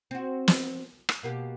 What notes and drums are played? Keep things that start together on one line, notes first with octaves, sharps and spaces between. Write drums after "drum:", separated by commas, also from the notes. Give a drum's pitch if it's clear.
C4 F#4
drum: snare
drum: rim click
B2 A#3 G4